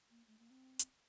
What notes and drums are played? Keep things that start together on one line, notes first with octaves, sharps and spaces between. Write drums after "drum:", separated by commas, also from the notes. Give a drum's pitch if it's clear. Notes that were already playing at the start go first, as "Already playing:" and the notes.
A#3
A3
A#3
C4
drum: hi-hat